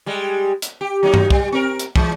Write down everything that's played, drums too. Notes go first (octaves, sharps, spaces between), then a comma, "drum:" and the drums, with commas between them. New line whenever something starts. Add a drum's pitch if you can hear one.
G3 G#3
drum: hi-hat
G4
F#3 A#3 D#4
drum: tom G2
G3, drum: kick
C4 A#4
drum: hi-hat
E3 G#3, drum: kick